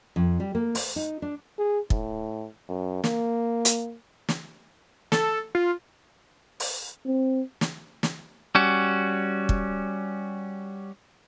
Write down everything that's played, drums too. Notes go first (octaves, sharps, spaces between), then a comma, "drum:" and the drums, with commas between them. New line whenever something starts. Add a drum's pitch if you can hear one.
F2
G3
A#3
C5, drum: open hi-hat
D#4
D4
G#4
A2, drum: kick
F#2
A#3, drum: snare
drum: hi-hat
drum: snare
A4, drum: snare
F4
drum: open hi-hat
C4
drum: snare
drum: snare
G3 C#4 F#4
drum: kick